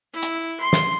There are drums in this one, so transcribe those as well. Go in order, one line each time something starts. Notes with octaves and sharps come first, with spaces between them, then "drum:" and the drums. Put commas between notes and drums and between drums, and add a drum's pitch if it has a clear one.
E4
drum: hi-hat
C6
drum: snare